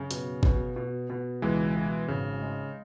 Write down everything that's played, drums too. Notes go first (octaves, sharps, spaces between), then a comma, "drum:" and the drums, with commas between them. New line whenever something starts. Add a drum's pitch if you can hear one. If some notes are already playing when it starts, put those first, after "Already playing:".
Already playing: F#2 C#3
B2, drum: hi-hat
B2, drum: kick G#1
B2
B2
C#2 E3 G#3
B2
G#1 C#3
G#3